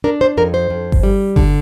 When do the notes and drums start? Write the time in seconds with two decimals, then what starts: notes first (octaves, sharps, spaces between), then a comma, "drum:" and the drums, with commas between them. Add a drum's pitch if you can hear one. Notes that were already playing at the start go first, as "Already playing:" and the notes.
0.04 D4 A#4
0.21 C5
0.37 F2 A#4
0.54 C5
0.70 F2
0.92 drum: kick G1
1.03 G3
1.36 D3, drum: kick G1